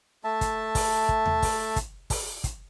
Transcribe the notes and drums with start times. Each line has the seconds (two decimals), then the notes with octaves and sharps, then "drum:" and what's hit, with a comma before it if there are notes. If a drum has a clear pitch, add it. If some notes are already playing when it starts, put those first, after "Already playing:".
0.24 A3 E5 A5
0.41 drum: kick, hi-hat
0.75 drum: kick, open hi-hat
1.09 drum: kick
1.26 drum: tom D#2
1.42 drum: kick, open hi-hat
1.76 drum: kick, hi-hat
2.10 drum: kick, open hi-hat
2.44 drum: kick, hi-hat